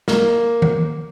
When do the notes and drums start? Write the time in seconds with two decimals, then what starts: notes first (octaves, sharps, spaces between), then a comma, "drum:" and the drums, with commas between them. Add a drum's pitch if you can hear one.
0.08 A#3, drum: snare
0.62 drum: tom D#3